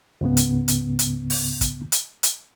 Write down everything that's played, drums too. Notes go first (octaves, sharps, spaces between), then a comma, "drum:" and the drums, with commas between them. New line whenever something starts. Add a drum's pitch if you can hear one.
C#2 G#2 C#3 B3
drum: hi-hat
drum: hi-hat
drum: hi-hat
drum: open hi-hat
drum: kick, hi-hat
drum: hi-hat
drum: hi-hat